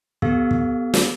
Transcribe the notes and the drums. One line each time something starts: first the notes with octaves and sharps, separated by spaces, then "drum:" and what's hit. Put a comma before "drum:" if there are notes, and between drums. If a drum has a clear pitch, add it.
B3 G4 A4 F5, drum: kick
drum: kick
drum: snare